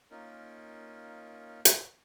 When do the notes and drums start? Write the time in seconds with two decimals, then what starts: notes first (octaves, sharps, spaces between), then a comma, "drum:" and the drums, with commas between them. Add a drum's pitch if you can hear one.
0.11 A#3 C#4 D#4 F4 A#4
1.65 drum: hi-hat